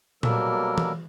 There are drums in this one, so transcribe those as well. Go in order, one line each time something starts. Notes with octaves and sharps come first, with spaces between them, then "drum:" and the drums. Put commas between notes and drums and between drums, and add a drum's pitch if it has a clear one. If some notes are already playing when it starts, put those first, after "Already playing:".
B2 F#3 G3 A#3 A4 A#4, drum: tom A#2
drum: tom E3